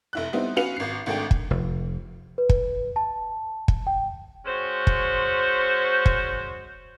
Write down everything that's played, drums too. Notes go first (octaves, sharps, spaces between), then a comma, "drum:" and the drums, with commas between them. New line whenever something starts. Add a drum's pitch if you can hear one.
F1 E4 F#6
G3 B3 C4 D#4 E4
C#4 F#4 B4 F5 C#7 F7
G#1 C7
G#1 G#2 A3 D4 G5
drum: kick
F1
B4
drum: kick
A5
drum: kick
G5
G#3 C#4 F#4 C5
drum: kick
drum: kick